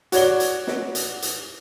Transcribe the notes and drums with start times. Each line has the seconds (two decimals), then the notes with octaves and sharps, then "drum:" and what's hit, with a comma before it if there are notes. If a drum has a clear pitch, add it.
0.12 F#4 C#5 D5 G7, drum: hi-hat
0.40 drum: hi-hat
0.67 drum: snare
0.95 drum: hi-hat
1.22 drum: hi-hat